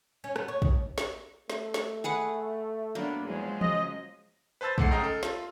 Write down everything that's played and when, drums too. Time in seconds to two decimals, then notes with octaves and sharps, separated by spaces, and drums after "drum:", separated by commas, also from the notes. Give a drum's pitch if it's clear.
0.24 C#4
0.36 B3, drum: rim click
0.48 C#5
0.62 D#2, drum: kick
0.98 drum: snare
1.50 A3, drum: snare
1.74 drum: snare
2.04 G#4 B4 F#5
2.95 F#3 A#3 B3 D4
3.24 E2 F3 F#3 G#3
3.61 C#3 D#5, drum: tom E3
4.61 B4 C5 A5 E6 A6
4.78 G#2 A3 F#5 C7, drum: kick
4.91 C#2 C#3 D#5 G5 A#5
5.04 A4 F6
5.23 F4, drum: snare